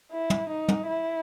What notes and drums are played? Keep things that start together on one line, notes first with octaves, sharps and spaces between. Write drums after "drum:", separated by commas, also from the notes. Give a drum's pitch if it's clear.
E4
drum: tom
D#4
drum: tom
E4